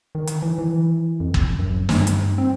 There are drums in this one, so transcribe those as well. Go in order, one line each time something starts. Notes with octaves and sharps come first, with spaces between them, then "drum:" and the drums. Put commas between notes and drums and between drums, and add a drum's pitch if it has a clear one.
D#3
drum: hi-hat
E3
E3
F2
drum: kick G1
F#2
G2, drum: snare
drum: hi-hat
C4